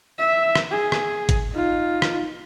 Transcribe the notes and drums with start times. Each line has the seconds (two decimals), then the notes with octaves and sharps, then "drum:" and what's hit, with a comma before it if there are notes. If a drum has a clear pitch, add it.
0.19 E5
0.55 drum: rim click
0.71 G#4
0.92 drum: rim click
1.29 drum: kick, hi-hat
1.53 D#4 F4
2.02 drum: rim click